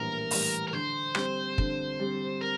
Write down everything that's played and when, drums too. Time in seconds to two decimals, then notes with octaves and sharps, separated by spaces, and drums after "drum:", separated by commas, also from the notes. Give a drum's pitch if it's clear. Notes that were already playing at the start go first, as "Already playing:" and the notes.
Already playing: A#1 A2 E3 G3 A#4
0.31 A2 E3 G3, drum: open hi-hat
0.68 A#4
0.73 D3 C5
1.15 G3 C4, drum: rim click
1.58 D3, drum: kick
2.00 G3 C4
2.41 A#4